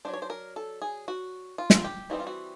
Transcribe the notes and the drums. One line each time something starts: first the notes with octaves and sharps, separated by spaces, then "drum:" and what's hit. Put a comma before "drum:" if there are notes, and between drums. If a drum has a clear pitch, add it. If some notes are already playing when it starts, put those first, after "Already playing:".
F#3 A3 D4 C5
C#5
C5
A#4
A4
G#4
F#4
F4
drum: snare
G4
E3 G3 C4 D#4 F#4
F4
F#4